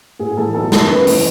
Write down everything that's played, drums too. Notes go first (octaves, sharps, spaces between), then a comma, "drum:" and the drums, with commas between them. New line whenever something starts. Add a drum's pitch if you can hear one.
A2 G#4
G#4
E3 A4
B1 A4
B1 A4, drum: snare
A#4
C#3 B4
E3, drum: open hi-hat